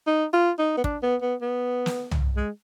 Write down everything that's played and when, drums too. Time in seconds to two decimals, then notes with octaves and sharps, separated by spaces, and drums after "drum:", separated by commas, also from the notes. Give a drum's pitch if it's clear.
0.07 D#4
0.34 F4
0.59 D#4
0.77 B3
0.84 D4, drum: kick
1.03 B3
1.22 B3
1.42 B3
1.86 drum: snare
2.11 drum: tom C2
2.36 G#3